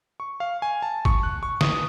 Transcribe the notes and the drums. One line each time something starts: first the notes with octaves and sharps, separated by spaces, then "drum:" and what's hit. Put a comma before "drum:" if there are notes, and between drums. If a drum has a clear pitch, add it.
C#6
F5
G#5
A5
C#6, drum: kick G#1
F#6
C#6
D#6, drum: snare